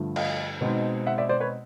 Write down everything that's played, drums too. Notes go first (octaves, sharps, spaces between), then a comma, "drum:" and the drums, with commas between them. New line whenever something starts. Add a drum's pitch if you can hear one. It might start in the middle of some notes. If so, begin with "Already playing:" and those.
Already playing: G2 D3 F3 A3
D#5 F5, drum: cymbal
B2 G#3 C4 D#4
E5 F#5
D5 E5
C5 D5
B4 C#5